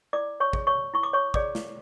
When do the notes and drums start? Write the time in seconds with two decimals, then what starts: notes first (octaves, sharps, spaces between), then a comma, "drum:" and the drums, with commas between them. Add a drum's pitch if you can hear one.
0.13 E4 D5 D6
0.40 C#5 C#6
0.53 G#4 C#5, drum: kick
0.67 C#5 C#6
0.94 E4 C#6
1.03 D6
1.13 C#5 C#6
1.34 G#4 C#5 D5 D6, drum: kick
1.55 drum: snare